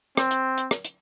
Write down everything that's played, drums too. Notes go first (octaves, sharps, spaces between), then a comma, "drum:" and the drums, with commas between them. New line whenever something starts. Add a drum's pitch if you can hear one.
C4, drum: rim click
drum: hi-hat
drum: hi-hat
drum: rim click
drum: hi-hat